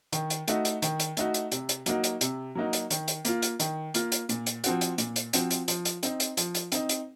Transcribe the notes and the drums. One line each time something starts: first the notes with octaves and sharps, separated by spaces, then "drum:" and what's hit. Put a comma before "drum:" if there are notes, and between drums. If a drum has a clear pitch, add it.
D#3, drum: hi-hat
drum: hi-hat
A3 D#4 F#4, drum: hi-hat
drum: hi-hat
D#3, drum: hi-hat
drum: hi-hat
A3 D#4 F#4, drum: hi-hat
drum: hi-hat
C3, drum: hi-hat
drum: hi-hat
F#3 A#3 D#4 F#4, drum: hi-hat
drum: hi-hat
C3, drum: hi-hat
F#3 A#3 D#4 F#4
drum: hi-hat
D#3, drum: hi-hat
drum: hi-hat
A#3 F4, drum: hi-hat
drum: hi-hat
D#3, drum: hi-hat
A#3 F4, drum: hi-hat
drum: hi-hat
A#2, drum: hi-hat
drum: hi-hat
F3 C4 F#4, drum: hi-hat
drum: hi-hat
A#2, drum: hi-hat
drum: hi-hat
F3 C4 F#4, drum: hi-hat
drum: hi-hat
F3, drum: hi-hat
drum: hi-hat
C4 D#4, drum: hi-hat
drum: hi-hat
F3, drum: hi-hat
drum: hi-hat
C4 D#4, drum: hi-hat
drum: hi-hat